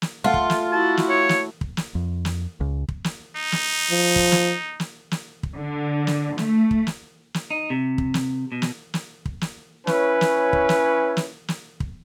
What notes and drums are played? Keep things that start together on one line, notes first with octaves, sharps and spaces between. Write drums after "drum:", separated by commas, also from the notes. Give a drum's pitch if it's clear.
drum: snare
A3 F4 F#5
drum: kick
drum: snare
E4 F#4 A5
drum: snare
C#5
drum: snare
drum: kick
drum: snare
F2
drum: snare
C#2
drum: kick
drum: snare
D#4
drum: snare
F3
drum: kick
drum: snare
drum: snare
drum: snare
drum: kick
D3
drum: snare
A3, drum: snare
drum: kick
drum: snare
drum: snare
D#4
C3
drum: kick
drum: snare
B2
drum: snare
drum: snare
drum: kick
drum: snare
C#4 E4 B4 C#5 G#5, drum: snare
drum: snare
drum: kick
drum: snare
drum: snare
drum: snare
drum: kick